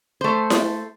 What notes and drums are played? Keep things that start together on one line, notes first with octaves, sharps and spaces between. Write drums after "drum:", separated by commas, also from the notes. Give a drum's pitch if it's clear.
A3 C5
drum: snare E4